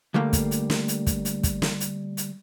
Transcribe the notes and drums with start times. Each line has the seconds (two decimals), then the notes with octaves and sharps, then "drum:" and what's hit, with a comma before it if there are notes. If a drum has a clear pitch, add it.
0.14 D3 G3 A3 A#3
0.33 drum: kick, hi-hat
0.51 drum: hi-hat
0.70 drum: snare
0.88 drum: hi-hat
1.07 drum: kick, hi-hat
1.25 drum: hi-hat
1.43 drum: kick, hi-hat
1.62 drum: snare
1.80 drum: hi-hat
2.17 drum: hi-hat